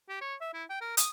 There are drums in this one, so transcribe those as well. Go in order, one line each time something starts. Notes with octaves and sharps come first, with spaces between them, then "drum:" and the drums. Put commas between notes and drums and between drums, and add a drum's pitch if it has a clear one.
G4
C#5
E5
E4
G5
A#4
D#6, drum: hi-hat